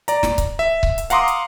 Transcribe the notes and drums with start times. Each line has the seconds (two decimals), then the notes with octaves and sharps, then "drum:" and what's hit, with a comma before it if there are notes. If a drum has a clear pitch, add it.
0.08 D5 A#5, drum: hi-hat
0.23 drum: snare
0.38 drum: kick C#1, hi-hat
0.59 E5
0.83 drum: kick C#1
0.98 drum: hi-hat
1.10 F5 F#5 A#5 C6 D6 D#6, drum: hi-hat
1.28 drum: hi-hat